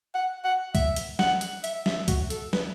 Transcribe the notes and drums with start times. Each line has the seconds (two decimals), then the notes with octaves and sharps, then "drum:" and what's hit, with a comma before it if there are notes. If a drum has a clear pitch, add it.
0.15 F#5
0.44 F#5
0.75 E5, drum: kick, hi-hat
0.96 drum: hi-hat
1.19 F#5, drum: snare
1.41 drum: hi-hat
1.64 E5, drum: hi-hat
1.86 E5, drum: snare
2.08 F#4, drum: kick, hi-hat
2.30 A4, drum: hi-hat
2.53 B4, drum: snare